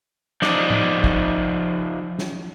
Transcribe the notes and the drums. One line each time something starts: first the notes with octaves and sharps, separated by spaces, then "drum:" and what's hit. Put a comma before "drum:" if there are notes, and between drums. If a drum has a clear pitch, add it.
F3 D#4 D5, drum: snare
drum: tom A2
drum: kick
drum: snare